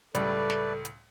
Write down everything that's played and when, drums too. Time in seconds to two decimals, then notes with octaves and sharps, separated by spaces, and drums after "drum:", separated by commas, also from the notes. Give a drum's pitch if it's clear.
0.15 C#2 A2 G3 A3 A4 B4 D5, drum: hi-hat
0.50 drum: snare
0.85 drum: hi-hat